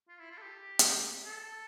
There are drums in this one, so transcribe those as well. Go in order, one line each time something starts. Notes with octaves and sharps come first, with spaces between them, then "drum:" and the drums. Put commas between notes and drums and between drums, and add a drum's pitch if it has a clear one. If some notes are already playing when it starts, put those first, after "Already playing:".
F4
E4
F4
A4
G4
drum: hi-hat
A4